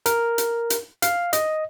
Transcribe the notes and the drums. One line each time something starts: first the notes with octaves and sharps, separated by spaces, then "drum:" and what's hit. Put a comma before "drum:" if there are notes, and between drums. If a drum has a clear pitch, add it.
A#4, drum: hi-hat
drum: hi-hat
drum: hi-hat
F5, drum: hi-hat
D#5, drum: hi-hat